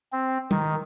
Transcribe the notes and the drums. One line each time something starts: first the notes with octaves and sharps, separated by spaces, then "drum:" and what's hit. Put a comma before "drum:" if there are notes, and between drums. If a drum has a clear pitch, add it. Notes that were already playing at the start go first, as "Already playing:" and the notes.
C4
D#3, drum: tom